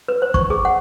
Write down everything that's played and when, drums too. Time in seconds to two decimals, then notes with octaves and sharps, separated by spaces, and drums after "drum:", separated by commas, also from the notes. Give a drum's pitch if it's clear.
0.08 B4
0.22 C5
0.34 C#6, drum: kick
0.50 G#4
0.65 F#5